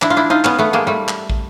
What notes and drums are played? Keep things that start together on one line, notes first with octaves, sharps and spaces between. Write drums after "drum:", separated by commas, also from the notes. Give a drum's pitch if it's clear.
D4 E4, drum: clap
F4
D4 E4
D#4 F4
B3 C#4, drum: clap
A3 B3
G#3 A#3
G3 A3
drum: clap
drum: kick